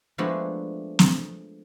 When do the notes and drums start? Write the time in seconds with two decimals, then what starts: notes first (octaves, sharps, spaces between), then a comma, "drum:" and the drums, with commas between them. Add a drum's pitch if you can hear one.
0.18 F3 G#3 A3 B3 D4 E4
0.99 drum: snare